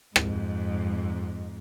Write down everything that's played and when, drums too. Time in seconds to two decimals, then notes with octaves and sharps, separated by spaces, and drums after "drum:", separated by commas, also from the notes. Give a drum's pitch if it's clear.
0.16 F2 G#2, drum: rim click